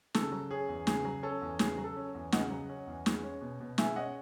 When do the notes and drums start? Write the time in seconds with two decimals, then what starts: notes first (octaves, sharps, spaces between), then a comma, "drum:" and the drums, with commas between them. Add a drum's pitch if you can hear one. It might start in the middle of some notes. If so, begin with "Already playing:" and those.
0.14 C#3 A4, drum: snare
0.32 F#3
0.51 C#4 G#4
0.69 E2
0.87 C#3 G#4, drum: snare
1.05 F#3
1.23 C#4 A4
1.42 E2
1.59 C#3 G#4, drum: snare
1.77 F#3
1.84 A4
1.97 C#4
2.15 E2
2.32 C#3 D#5 F#5, drum: snare
2.51 F#3
2.69 C#4
2.87 E2
3.06 G#3, drum: snare
3.23 C#4
3.41 B2
3.60 B2
3.78 G#3 E5 G#5, drum: snare
3.96 C#4 D#5 F#5